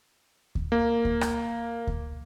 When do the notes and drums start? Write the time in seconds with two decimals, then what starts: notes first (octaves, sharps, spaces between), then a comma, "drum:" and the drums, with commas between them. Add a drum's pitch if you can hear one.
0.55 drum: kick D2
0.72 A#3
1.05 drum: kick D2
1.21 drum: rim click
1.87 drum: kick D2